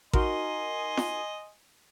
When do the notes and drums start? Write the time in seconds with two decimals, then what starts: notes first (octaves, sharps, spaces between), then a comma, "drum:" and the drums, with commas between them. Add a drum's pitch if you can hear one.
0.13 D#4 F#4 A#4 D#5 G#5 C6, drum: kick A1
0.97 drum: snare